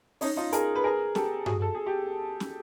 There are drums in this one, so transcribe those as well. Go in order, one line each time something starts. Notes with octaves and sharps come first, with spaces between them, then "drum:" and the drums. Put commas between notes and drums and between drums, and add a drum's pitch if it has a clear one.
C#4 D#4, drum: open hi-hat
D#4 F4
G#4 A#4, drum: hi-hat
B4
G#4 A#4
G4 A4, drum: snare
F#4 G#4, drum: tom G2
A4
G#4
G4
drum: snare